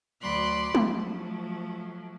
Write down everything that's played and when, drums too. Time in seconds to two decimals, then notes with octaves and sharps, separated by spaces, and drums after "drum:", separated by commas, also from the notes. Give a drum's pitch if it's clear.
0.22 D2 F#3 D5 B5 C6 F#6
0.75 F3 F#3 A3, drum: tom G#3